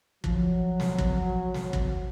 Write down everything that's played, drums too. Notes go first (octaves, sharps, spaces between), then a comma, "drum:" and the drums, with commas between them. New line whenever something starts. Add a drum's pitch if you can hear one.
F3 F#3, drum: kick
drum: snare
drum: kick
drum: snare
drum: kick